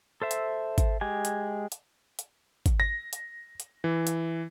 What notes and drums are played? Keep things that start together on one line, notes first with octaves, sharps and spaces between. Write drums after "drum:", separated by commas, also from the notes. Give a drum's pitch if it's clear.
A4 C5 E5
drum: hi-hat
drum: kick G#1, hi-hat
G#3 G4 G#5
drum: hi-hat
drum: hi-hat
drum: hi-hat
drum: kick G#1, hi-hat
A#6
drum: hi-hat
drum: hi-hat
E3
drum: hi-hat